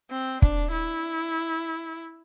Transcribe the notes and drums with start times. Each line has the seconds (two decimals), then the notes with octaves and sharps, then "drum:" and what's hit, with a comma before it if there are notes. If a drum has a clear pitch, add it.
0.11 C4
0.42 D4, drum: kick
0.72 E4